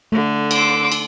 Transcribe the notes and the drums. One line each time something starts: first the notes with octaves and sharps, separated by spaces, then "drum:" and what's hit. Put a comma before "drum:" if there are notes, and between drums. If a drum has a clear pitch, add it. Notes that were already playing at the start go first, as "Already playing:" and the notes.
D3 A3
C6 D6 E6, drum: cymbal
drum: cymbal